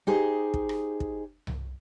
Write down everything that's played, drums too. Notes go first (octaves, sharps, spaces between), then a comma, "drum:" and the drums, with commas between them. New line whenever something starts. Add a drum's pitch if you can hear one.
D#4 G4 G#4 C5
drum: kick
drum: rim click
drum: kick
drum: tom C2